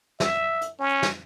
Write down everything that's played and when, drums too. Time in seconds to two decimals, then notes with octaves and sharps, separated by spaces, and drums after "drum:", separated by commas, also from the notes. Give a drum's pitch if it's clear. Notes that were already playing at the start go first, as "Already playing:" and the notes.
0.20 E5, drum: snare
0.61 drum: hi-hat
0.80 C#4
1.03 drum: snare